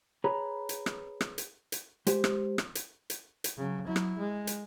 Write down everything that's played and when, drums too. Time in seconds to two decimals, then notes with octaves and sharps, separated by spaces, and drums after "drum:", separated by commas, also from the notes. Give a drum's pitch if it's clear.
0.24 G#4 B4 C#5 A#5 B5
0.69 drum: hi-hat
0.86 drum: rim click
1.21 drum: rim click
1.38 drum: hi-hat
1.72 drum: hi-hat
2.07 G#3 G4 C5, drum: hi-hat
2.24 drum: rim click
2.58 drum: rim click
2.75 drum: hi-hat
3.10 drum: hi-hat
3.44 drum: hi-hat
3.57 C#3 F#3
3.86 F#3 E4
3.96 drum: rim click
4.19 G#3
4.47 drum: hi-hat